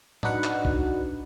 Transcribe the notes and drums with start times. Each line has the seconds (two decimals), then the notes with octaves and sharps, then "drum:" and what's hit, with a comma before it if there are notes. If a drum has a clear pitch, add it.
0.23 D4 D#4 F#4 B4 F#5, drum: tom A2
0.44 drum: clap
0.65 drum: kick B1